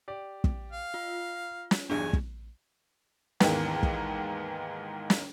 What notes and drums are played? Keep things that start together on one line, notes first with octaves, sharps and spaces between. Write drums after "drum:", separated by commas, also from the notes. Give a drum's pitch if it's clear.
G4 D5
drum: kick
F5
F4
drum: snare
B1 E2 G2 D4 G#4 G#5
drum: kick
D#2 G#2 D#3 E3 B3, drum: snare
drum: kick
drum: snare